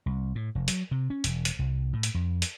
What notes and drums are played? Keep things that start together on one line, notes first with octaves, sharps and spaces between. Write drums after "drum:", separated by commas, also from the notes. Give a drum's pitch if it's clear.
C2
A2
F1
F#3, drum: hi-hat
C3
C#4
E1, drum: hi-hat
drum: hi-hat
C2
A2
drum: hi-hat
F2
drum: hi-hat